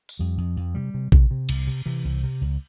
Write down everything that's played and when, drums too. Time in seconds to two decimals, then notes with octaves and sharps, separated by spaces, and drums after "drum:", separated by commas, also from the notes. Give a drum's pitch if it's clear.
0.09 drum: open hi-hat
0.19 F2 G3
0.38 F2
0.57 F2
0.75 C3 G3
0.94 C3
1.12 C3, drum: kick
1.31 C3
1.49 C2, drum: cymbal
1.67 C3
1.86 C3 E3
2.05 C2
2.23 C3
2.41 C#2